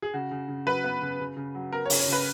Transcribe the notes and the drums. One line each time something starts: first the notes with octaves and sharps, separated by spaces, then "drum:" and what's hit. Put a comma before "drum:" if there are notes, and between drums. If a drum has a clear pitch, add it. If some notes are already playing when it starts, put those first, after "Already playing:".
G#4
C#3 F#4
C#3
C#3
F#3 B4
B3
C#3
C#3
C#3
F#3
B3 A#4
C#5
C#3, drum: open hi-hat
C#5
C#3 B4